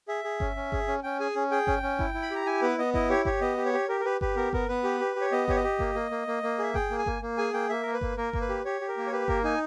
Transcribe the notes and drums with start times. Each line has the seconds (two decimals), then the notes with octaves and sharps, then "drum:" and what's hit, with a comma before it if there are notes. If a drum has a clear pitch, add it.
0.08 G#4 E5
0.24 G#4
0.40 C#4, drum: kick G1
0.56 C#4
0.72 G#4, drum: kick G1
0.88 C#4
1.03 C#4 G5
1.20 G#4 G#5
1.36 C#4
1.51 G#4 G5
1.67 C#4, drum: kick G1
1.83 C#4
1.99 E4, drum: kick G1
2.14 E4
2.22 B5
2.31 G4 A#5
2.46 E4 G#5
2.62 B3 B4
2.78 B3 D#5
2.94 E4 D#5, drum: kick G1
3.10 G4 C#5
3.25 G4 C#5, drum: kick G1
3.41 B3 D#5
3.57 G4
3.66 C#5
3.73 G4
3.89 G4 A#4
4.00 A#4
4.05 G4 B4
4.21 G4 B4, drum: kick G1
4.36 B3 A#4
4.53 B3 A#4, drum: kick G1
4.68 B3 B4
4.84 G4
5.00 G4
5.16 G4
5.21 C#5
5.32 B3 D#5
5.48 G4 C#5, drum: kick G1
5.56 D#5
5.64 G4
5.79 A#3, drum: kick G1
5.95 A#3
6.11 A#3
6.27 A#3
6.43 A#3
6.59 G#4 E5
6.74 G#4 G5, drum: kick G1
6.91 A#3
6.99 G#5
7.06 A#3, drum: kick G1
7.22 A#3
7.38 G#4 G#5
7.53 A#3 G5
7.69 A#3 E5
7.83 A#3 A#4
7.94 B4
8.01 A#3, drum: kick G1
8.17 A#3 A#4
8.33 A#3, drum: kick G1
8.41 B4
8.49 G4
8.65 G4 C#5
8.81 G4
8.88 A#4
8.97 A#3
9.07 C#5
9.12 G4 B4
9.28 A#3 A#4, drum: kick G1
9.44 D#4 G#5